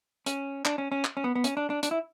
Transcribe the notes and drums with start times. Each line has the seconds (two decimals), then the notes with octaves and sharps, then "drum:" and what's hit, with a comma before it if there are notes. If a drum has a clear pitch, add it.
0.26 C#4, drum: hi-hat
0.65 D4, drum: clap
0.78 C#4
0.92 C#4
1.05 drum: clap
1.17 C#4
1.24 B3
1.35 B3
1.44 C#4, drum: hi-hat
1.57 D4
1.70 D4
1.83 D4, drum: hi-hat
1.91 E4